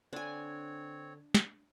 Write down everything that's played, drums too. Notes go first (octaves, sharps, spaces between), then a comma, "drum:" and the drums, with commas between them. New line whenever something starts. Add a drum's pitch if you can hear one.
D3 C4 D4 C#5 G#5
drum: snare